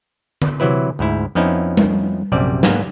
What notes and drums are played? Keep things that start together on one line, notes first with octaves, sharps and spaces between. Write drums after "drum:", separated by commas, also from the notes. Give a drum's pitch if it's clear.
drum: tom D3
C3 E3 F#3 E4 B4
D2 G#2 E4
F2 F3 B3 C#4 D#4 E4
drum: tom G3
A#1 F#2 C3 G3 D5
G#2 A#3 B3, drum: snare